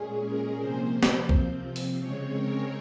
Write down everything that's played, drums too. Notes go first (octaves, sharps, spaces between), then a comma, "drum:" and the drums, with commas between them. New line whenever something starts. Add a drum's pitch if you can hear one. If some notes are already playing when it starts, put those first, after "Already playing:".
Already playing: A#2 G#3 C#4 G#4
A#4
C3 F3 A#3 C5
drum: snare
C3 F3 C4, drum: kick B1
drum: open hi-hat
C#3 G#3 C4 C#5
A#4